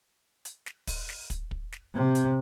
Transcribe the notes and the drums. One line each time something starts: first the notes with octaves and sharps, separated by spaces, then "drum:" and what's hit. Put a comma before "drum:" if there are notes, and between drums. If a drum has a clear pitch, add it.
drum: hi-hat
drum: snare
drum: kick, open hi-hat
drum: snare
drum: kick, hi-hat
drum: kick
drum: snare
C3
drum: hi-hat